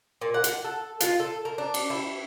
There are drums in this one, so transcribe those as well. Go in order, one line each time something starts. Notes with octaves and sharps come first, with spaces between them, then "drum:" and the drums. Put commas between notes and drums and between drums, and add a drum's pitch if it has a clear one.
A#2
F#5
drum: hi-hat
A4
F4, drum: hi-hat
A4
A#4
D4
drum: cymbal
E4